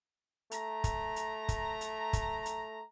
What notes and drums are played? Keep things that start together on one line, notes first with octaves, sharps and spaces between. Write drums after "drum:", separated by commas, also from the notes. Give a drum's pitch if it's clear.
A3 A#5, drum: hi-hat
drum: kick, hi-hat
drum: hi-hat
drum: kick, hi-hat
drum: hi-hat
drum: kick, hi-hat
drum: hi-hat